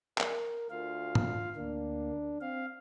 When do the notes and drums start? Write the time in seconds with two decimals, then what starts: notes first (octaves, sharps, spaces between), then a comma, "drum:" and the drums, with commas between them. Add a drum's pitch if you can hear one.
0.18 A#4, drum: clap
0.70 D2 F4 F5
1.15 drum: tom G#2
1.56 D2 A#3 D4
2.41 C4 F5